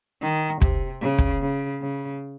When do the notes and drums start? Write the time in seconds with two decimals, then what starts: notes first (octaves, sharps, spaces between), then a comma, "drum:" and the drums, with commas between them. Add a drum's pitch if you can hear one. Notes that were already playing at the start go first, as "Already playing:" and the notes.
0.22 D#3
0.61 C3, drum: kick
1.01 C#3
1.18 drum: kick
1.42 C#3
1.82 C#3